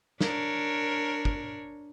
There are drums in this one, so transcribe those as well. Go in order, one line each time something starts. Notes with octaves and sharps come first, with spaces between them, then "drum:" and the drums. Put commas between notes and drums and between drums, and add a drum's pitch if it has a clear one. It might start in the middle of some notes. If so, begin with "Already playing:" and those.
D4 A#4 C#5, drum: snare
drum: kick